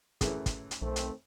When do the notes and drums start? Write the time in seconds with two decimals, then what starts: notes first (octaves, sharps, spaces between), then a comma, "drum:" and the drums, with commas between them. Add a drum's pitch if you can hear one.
0.21 F#2 A2 E3 G#4, drum: kick, hi-hat
0.46 drum: kick, hi-hat
0.71 drum: hi-hat
0.82 B1 D#3 A3 C4
0.96 drum: hi-hat